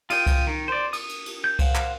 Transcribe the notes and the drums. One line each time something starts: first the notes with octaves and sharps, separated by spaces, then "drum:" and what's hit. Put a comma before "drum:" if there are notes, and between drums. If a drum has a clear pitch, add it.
F4 D#5 G5, drum: cymbal
drum: kick C2, cymbal
D#3
C5 D5
D#6, drum: cymbal
drum: cymbal
drum: cymbal
G6
C5 F5 F#5, drum: kick C2, cymbal
drum: clap